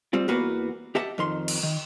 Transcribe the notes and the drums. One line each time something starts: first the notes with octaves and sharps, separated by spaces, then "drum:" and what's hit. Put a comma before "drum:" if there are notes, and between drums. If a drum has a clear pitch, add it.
G3 C4 F4
E2 E3 A#3 B3 F#4 B4
G4 D#5 E5 F#5 A5
F2 D#3 C6
drum: cymbal
D#3